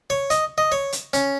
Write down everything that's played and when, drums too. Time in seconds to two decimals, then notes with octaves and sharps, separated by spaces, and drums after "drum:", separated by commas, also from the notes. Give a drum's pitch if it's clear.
0.10 C#5
0.30 D#5, drum: hi-hat
0.58 D#5
0.72 C#5
0.92 drum: hi-hat
1.13 C#4, drum: hi-hat